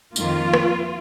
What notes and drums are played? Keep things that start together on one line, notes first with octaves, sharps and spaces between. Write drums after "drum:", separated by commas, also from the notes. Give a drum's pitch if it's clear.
F2 D#3 A#3 F4, drum: tambourine
drum: rim click